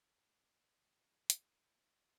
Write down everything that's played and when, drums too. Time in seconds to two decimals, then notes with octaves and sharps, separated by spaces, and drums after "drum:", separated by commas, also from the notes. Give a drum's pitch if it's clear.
0.17 B3 D#5
0.42 F#2
0.66 D#3 D#5
0.91 G#3
1.30 drum: hi-hat